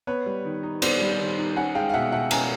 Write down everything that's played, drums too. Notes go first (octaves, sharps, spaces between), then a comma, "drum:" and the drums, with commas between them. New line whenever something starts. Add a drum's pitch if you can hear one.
B3 B4 C#5
G3
D#3
D#4
B3 C5 D5, drum: cymbal
G3
D#3
D#4
C#4 F#5 G#5
G#3 F5 G5
F5
B2 E5 F#5
B2 E5 F#5
C#4 G#5 A#5, drum: cymbal